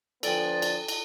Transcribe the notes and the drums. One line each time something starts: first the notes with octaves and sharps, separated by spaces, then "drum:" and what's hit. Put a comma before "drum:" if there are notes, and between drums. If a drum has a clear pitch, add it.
D3 F3 B3 A4 D5 G5 G#5, drum: cymbal
drum: cymbal
drum: cymbal